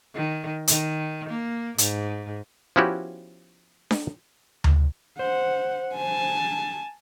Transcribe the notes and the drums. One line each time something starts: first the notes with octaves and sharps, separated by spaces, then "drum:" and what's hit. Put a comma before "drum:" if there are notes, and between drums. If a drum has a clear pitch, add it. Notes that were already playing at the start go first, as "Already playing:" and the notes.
D#3
D#3, drum: hi-hat
A#3
G#2, drum: hi-hat
F3 B3 C#4 E4 F#4 G4
drum: snare D4
drum: tom D2
C5 F#5
G#5 A5